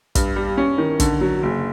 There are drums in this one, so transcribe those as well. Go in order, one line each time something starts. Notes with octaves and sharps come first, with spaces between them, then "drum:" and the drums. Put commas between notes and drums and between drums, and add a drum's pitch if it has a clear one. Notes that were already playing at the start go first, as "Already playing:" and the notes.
G2, drum: kick, hi-hat
G3
C#4
D#3
D3, drum: kick, hi-hat
F#3
F#1